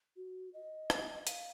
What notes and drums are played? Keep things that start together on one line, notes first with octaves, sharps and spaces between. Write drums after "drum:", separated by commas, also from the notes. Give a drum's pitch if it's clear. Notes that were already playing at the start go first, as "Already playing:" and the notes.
F#4
D#5
drum: rim click
F5, drum: hi-hat